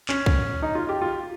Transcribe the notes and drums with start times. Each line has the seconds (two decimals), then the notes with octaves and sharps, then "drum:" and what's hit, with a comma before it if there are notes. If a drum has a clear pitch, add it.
0.09 C#4, drum: clap
0.26 drum: kick
0.62 D#4
0.75 F4
0.89 G4
1.02 F4